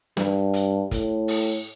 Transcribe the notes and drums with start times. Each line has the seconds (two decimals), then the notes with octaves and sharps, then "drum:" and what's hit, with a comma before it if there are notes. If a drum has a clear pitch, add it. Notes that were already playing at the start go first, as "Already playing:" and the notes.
0.17 G2, drum: snare
0.53 drum: hi-hat
0.91 A2, drum: kick, hi-hat
1.28 drum: open hi-hat